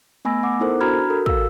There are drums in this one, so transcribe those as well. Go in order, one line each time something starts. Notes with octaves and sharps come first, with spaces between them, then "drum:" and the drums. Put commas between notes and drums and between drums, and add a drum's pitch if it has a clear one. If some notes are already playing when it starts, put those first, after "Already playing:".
A3 B3 G#5 B5 E6 A#6
F#5 D6
B3 D#4 E4 A4 A#4 C5
D4 F#4 A#5 B5 F6 G#6
F#4 A4 A#4
F5 E6, drum: kick